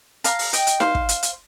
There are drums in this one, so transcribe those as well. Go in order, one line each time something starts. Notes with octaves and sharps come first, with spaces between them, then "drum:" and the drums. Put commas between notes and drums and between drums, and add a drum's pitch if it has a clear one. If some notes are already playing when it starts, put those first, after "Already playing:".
F5 A#5, drum: hi-hat
drum: open hi-hat
D#5 G5, drum: hi-hat
drum: hi-hat
C5 F5, drum: snare D#4
drum: kick
drum: hi-hat
drum: hi-hat